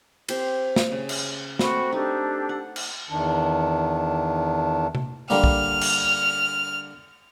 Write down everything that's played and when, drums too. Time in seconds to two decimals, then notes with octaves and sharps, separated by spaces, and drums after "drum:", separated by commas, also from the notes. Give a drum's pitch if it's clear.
0.29 C4 G4 C5, drum: cymbal
0.76 drum: snare
0.92 C#3
1.09 drum: cymbal
1.59 A3 C4 F#4 B5, drum: snare
1.92 D4 D#4 G4 A4
2.49 F#5
2.76 drum: cymbal
3.10 E2 D#3 D4
4.95 drum: tom C3
5.30 D3 G3 A#3 F6
5.44 drum: kick
5.81 drum: cymbal